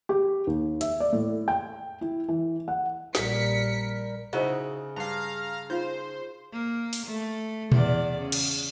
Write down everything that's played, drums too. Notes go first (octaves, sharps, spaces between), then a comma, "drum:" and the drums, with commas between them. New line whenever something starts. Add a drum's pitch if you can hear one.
G4
D#2
E5, drum: hi-hat
D5
A2
G5
E4
E3
F#5
A#1 G3 A#4 B6 C#7, drum: snare
C#3 D#4 E4 F#4 C5 D#5
G2 F5 A#5
D#4 F4 C5 F5
A#3
drum: open hi-hat
A3
E2 E3 D5, drum: tom A#2
C#3
drum: cymbal